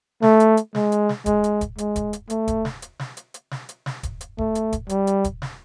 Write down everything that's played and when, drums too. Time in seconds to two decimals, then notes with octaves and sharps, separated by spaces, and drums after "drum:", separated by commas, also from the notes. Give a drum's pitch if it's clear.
0.22 A3, drum: snare
0.40 drum: hi-hat
0.57 drum: hi-hat
0.75 G#3, drum: snare
0.92 drum: hi-hat
1.09 drum: snare
1.26 G#3, drum: kick, hi-hat
1.44 drum: hi-hat
1.61 drum: kick, hi-hat
1.78 G#3, drum: hi-hat
1.96 drum: kick, hi-hat
2.13 drum: hi-hat
2.30 A3, drum: hi-hat
2.48 drum: kick, hi-hat
2.65 drum: snare
2.82 drum: hi-hat
2.99 drum: snare
3.17 drum: hi-hat
3.34 drum: hi-hat
3.51 drum: snare
3.69 drum: hi-hat
3.86 drum: snare
4.03 drum: kick, hi-hat
4.21 drum: hi-hat
4.38 A3, drum: kick
4.55 drum: hi-hat
4.72 drum: kick, hi-hat
4.89 G3, drum: hi-hat
5.07 drum: hi-hat
5.24 drum: kick, hi-hat
5.42 drum: snare